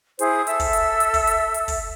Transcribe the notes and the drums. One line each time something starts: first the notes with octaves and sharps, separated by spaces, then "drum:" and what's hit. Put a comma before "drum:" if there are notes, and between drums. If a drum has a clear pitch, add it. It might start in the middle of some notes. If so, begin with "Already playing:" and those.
E4 G#4 C5, drum: hi-hat
A4 E5 E6, drum: hi-hat
drum: kick, open hi-hat
drum: hi-hat
drum: hi-hat
drum: kick, open hi-hat
drum: hi-hat
drum: hi-hat
drum: kick, open hi-hat